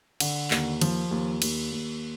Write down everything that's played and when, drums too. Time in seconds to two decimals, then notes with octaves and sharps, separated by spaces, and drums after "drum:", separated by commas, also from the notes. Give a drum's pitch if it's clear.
0.20 D3, drum: cymbal
0.51 D#2, drum: clap
0.81 F3, drum: cymbal
1.11 D#2
1.42 D#2, drum: cymbal
1.72 D#2